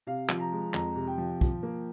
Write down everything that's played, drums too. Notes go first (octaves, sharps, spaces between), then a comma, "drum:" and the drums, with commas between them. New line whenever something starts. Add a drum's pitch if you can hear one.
C3 F5
F3, drum: clap
A#5
G#3
F2 A#5, drum: clap
C3
G5
F3
F3, drum: kick
A#3